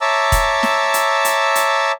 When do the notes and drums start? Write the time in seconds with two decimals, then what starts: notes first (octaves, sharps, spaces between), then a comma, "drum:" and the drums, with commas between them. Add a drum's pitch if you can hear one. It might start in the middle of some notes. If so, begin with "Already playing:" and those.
0.01 C#5 E5 A5 A#5 D6 E6
0.32 drum: kick E1, hi-hat
0.63 drum: snare
0.94 drum: hi-hat
1.25 drum: hi-hat
1.55 drum: hi-hat